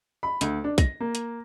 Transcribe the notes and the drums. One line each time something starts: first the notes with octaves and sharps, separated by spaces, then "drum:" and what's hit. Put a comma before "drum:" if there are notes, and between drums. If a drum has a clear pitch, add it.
B5
D2, drum: hi-hat
D4
A#6, drum: kick, hi-hat
A#3
drum: hi-hat